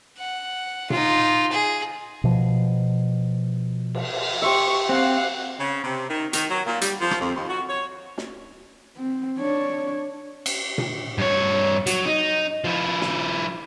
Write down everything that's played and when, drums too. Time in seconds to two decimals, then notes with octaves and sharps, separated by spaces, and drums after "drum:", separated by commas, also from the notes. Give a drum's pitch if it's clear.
0.18 F#5
0.90 D#4 F4, drum: tom A#2
1.51 G#4
2.24 B2 F3
3.95 drum: cymbal
4.13 drum: cymbal
4.42 G4 C5 E5 C#6
4.89 C4 F5 F#5
5.60 C#3
5.84 C3
6.10 D#3
6.33 D#3, drum: hi-hat
6.50 F#3
6.66 A#2
6.81 G3, drum: hi-hat
7.00 F3
7.11 drum: rim click
7.21 F2
7.35 D#2
7.49 F#4
7.68 C#5
8.18 drum: snare
8.97 C4
9.39 D4 C#5
10.46 drum: cymbal
10.78 drum: tom A#2
11.18 G2 C#5
11.86 F#3, drum: hi-hat
12.06 D#4
12.64 F3 E4
13.01 drum: snare